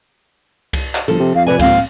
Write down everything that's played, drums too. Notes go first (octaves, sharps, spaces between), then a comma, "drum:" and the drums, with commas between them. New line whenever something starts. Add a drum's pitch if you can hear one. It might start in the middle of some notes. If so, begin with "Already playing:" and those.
drum: kick C2, cymbal
drum: clap
G1 F3 A4
C3
F2 F5
C3 B4 D5 G#5
D#2 G#2 C4 F5, drum: kick C2, cymbal